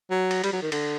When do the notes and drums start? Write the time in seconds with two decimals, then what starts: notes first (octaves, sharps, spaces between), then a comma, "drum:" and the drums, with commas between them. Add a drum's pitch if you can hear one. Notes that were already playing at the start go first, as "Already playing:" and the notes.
0.11 F#3
0.31 drum: cymbal
0.44 G3, drum: cymbal
0.52 F#3
0.62 D#3
0.72 D3, drum: cymbal